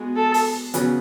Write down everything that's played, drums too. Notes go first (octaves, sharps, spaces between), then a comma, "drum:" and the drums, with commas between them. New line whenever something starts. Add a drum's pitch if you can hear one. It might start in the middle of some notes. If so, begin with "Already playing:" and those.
Already playing: G#3 B3 F#4
A4
drum: open hi-hat
C#3 F#3 B3, drum: hi-hat